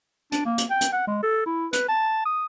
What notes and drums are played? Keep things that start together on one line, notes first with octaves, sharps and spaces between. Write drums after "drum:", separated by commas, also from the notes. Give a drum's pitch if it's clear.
D4, drum: hi-hat
A#3
drum: hi-hat
G5
drum: hi-hat
F#5
G#3
A4
E4
B4, drum: hi-hat
A5
D#6